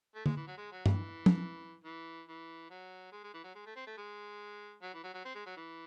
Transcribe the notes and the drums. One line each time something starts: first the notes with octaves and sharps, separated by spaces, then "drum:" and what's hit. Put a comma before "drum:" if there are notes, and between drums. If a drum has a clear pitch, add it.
A3
G#3, drum: tom D3
E3
F#3
G#3
F#3
E3, drum: tom G2
drum: tom
E3
E3
F#3
G#3
G#3
E3
F#3
G#3
A3
C4
A3
G#3
F#3
E3
F#3
F#3
C4
G#3
F#3
E3